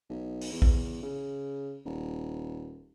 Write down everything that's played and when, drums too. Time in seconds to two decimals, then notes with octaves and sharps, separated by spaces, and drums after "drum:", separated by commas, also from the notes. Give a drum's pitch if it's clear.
0.09 B1
0.41 drum: open hi-hat
0.52 E2
0.62 drum: kick A#1
1.03 C#3
1.86 D#1